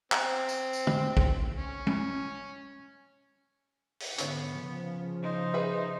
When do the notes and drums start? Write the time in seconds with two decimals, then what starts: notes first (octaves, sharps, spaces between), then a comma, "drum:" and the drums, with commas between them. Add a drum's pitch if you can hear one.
0.12 C4, drum: clap
0.49 drum: tambourine
0.73 drum: tambourine
0.87 drum: tom
1.17 drum: kick
1.56 C#4
1.87 drum: tom
4.00 drum: open hi-hat
4.18 G#2 D3 B3 C#4 C#5, drum: hi-hat
4.57 C#3 F3
5.23 D#4 C5
5.54 G#4 B4 E5